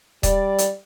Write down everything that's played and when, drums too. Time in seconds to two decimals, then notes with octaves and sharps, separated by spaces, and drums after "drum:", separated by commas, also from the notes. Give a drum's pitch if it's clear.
0.23 G3 D5, drum: kick D#1, hi-hat
0.58 drum: hi-hat